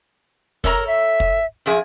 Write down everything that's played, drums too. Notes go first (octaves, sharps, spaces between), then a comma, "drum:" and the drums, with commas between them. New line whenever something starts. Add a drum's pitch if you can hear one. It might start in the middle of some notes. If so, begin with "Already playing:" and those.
A4 A#4 C#5 A#5, drum: kick
E5
drum: kick
F#2 F3 G#4